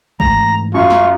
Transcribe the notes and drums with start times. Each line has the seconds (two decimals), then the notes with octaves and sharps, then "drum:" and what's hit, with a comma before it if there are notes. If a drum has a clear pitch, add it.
0.20 G#2 E3 A3 A#5, drum: kick
0.74 F#2 F4 C#6
0.90 drum: snare